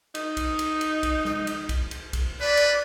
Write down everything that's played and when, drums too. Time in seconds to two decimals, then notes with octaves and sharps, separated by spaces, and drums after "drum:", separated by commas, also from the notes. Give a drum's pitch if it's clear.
0.15 D#4, drum: cymbal
0.37 drum: kick B1, cymbal
0.59 drum: cymbal
0.81 drum: cymbal
1.03 drum: kick B1, cymbal
1.25 drum: snare
1.47 drum: cymbal
1.69 drum: kick B1, cymbal
1.91 drum: cymbal
2.13 drum: kick B1, cymbal
2.41 B4 D5
2.57 drum: cymbal